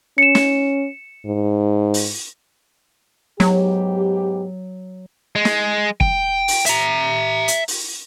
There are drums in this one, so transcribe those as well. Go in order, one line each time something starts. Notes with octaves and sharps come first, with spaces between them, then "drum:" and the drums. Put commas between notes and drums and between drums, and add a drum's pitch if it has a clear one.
C#4 C#7 E7
drum: snare
G#2
drum: open hi-hat
G#2 F#3 B3 G4, drum: snare
G#3
drum: snare
G5, drum: kick
drum: open hi-hat
E5 A#5, drum: hi-hat
drum: hi-hat
drum: open hi-hat